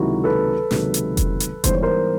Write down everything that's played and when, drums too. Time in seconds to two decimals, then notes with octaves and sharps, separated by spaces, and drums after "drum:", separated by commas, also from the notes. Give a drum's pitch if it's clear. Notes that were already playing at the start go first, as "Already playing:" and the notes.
Already playing: C#2 C3 D#3 F#3 A#3 E4 F#4
0.24 A4 B4
0.71 C#2 C3 D#3 F#3 A#3, drum: snare
0.94 drum: hi-hat
1.17 drum: kick F1, hi-hat
1.40 drum: hi-hat
1.64 G#2 E3 G3 B3 C5, drum: kick F1, hi-hat
1.72 C#5
1.83 A#4 C5